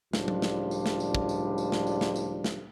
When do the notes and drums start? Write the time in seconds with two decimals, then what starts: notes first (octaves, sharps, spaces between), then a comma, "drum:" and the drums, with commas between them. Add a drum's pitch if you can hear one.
0.13 C#2 A2 F3 G3 D4, drum: snare
0.28 drum: tom F#3
0.42 drum: snare
0.71 drum: tambourine
0.86 drum: snare
1.00 drum: tambourine
1.15 drum: kick
1.29 drum: tambourine
1.58 drum: tambourine
1.72 drum: snare
1.87 drum: tambourine
2.01 drum: snare
2.16 drum: tambourine
2.44 drum: snare